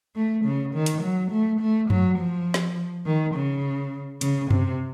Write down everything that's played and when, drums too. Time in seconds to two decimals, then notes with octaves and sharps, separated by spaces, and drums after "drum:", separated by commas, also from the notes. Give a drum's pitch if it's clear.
0.15 A3
0.45 C#3
0.74 D#3
0.86 drum: hi-hat
1.02 F#3
1.31 A3
1.60 A3
1.90 F#3, drum: tom F#2
2.18 F3
2.54 drum: snare
3.06 D#3
3.35 C#3
4.21 C#3, drum: hi-hat
4.50 C3, drum: tom F#2